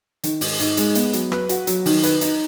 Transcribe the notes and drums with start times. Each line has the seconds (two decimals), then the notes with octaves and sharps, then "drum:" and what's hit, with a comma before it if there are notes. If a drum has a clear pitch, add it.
0.24 D#3, drum: hi-hat
0.41 G#2, drum: open hi-hat
0.60 G#2, drum: hi-hat
0.77 G#3, drum: hi-hat
0.95 B3, drum: hi-hat
1.13 F#3, drum: hi-hat
1.32 B4, drum: rim click
1.49 F#4, drum: hi-hat
1.67 F#3, drum: hi-hat
1.86 D#3, drum: open hi-hat
2.03 B4, drum: hi-hat
2.21 D#4, drum: hi-hat